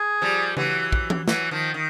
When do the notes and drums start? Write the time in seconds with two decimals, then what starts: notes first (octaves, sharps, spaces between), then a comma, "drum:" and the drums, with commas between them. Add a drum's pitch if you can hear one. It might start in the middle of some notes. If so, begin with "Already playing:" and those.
Already playing: G#4
0.22 F3 G3
0.57 E3 F#3, drum: tom C#3
0.93 drum: kick
1.10 drum: tom E3
1.28 E3 F#3, drum: snare
1.51 D#3 F3
1.74 D#3